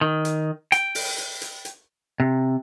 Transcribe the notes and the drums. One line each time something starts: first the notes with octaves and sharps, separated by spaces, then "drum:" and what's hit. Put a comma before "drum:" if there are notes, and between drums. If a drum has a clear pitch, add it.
D#3
drum: hi-hat
G5, drum: hi-hat
drum: open hi-hat
drum: hi-hat
drum: hi-hat
drum: hi-hat
C3